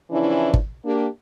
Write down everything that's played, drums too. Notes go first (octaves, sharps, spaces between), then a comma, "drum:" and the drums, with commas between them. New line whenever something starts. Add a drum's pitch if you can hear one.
C#3 E3 F3 C#4 D4 E4
drum: kick
A#3 D4 G4